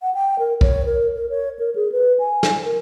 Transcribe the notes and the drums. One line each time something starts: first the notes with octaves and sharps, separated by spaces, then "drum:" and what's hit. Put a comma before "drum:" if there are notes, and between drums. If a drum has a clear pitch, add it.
F#5
G5
A#4
C#5, drum: kick B1
A#4
A#4
C#5
A#4
G#4
B4
G#5
drum: snare
A#4